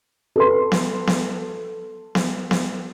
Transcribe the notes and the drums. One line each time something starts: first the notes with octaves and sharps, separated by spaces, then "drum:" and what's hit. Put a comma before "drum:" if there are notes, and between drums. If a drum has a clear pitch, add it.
A4 B4 C6
drum: snare B3
drum: snare B3
drum: snare B3
drum: snare B3